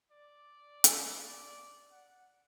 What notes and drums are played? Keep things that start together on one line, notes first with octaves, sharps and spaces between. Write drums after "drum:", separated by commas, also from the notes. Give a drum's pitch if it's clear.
D5
drum: hi-hat
D5
F#5